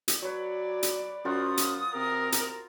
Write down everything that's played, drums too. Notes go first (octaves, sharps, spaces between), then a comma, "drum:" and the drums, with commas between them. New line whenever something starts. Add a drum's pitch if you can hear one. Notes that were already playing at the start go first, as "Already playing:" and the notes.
drum: hi-hat
F#3 B4 C#5 D5
drum: hi-hat
F#2 F4 F#4 C5 D#6
drum: hi-hat
C3 A#4
drum: hi-hat